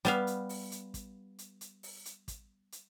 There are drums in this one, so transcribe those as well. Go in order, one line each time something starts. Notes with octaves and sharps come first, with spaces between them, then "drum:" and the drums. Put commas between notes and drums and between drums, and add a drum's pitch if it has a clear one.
G3 B3 F5, drum: hi-hat
drum: hi-hat
drum: open hi-hat
drum: hi-hat
drum: kick, hi-hat
drum: hi-hat
drum: hi-hat
drum: open hi-hat
drum: hi-hat
drum: kick, hi-hat
drum: hi-hat